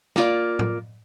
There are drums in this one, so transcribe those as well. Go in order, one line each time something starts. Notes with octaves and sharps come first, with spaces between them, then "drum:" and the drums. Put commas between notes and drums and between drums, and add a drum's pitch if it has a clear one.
A#3 F4 D5, drum: snare
drum: tom A2